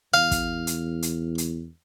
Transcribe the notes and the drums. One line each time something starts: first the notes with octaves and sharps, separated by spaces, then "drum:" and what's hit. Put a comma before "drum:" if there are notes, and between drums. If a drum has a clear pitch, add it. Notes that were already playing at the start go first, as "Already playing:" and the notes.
E2 F5
drum: kick, hi-hat
drum: hi-hat
drum: hi-hat
drum: hi-hat